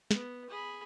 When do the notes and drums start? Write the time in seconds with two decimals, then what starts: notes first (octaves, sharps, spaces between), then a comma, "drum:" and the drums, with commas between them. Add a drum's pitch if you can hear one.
0.11 B3, drum: snare
0.50 G#4 B5